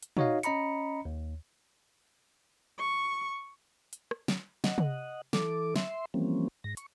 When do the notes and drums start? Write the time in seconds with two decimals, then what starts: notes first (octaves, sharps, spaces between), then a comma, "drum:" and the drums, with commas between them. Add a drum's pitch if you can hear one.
0.03 drum: hi-hat
0.17 D#4 F#4 C#5 D#5 F5, drum: tom
0.43 C#4 D#5 A#5 B5 C#7, drum: hi-hat
1.05 D#2
2.78 C#6
3.93 drum: hi-hat
4.11 drum: rim click
4.28 drum: snare
4.64 D#5 F#5, drum: snare
4.78 drum: tom
5.33 E3 A4 D6, drum: snare
5.76 E5 C6, drum: snare
6.14 E3 F3 G3 A#3 C4 C#4
6.64 G#2 A#6
6.77 C#6, drum: hi-hat